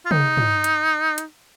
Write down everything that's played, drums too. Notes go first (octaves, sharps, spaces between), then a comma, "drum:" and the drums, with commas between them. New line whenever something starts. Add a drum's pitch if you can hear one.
F4
D#4, drum: tom
drum: tom
drum: hi-hat
drum: hi-hat